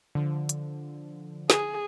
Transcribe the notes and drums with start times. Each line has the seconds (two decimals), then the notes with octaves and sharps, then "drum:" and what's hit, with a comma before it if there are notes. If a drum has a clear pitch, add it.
0.15 D3 F3
0.49 drum: hi-hat
1.50 G#4, drum: snare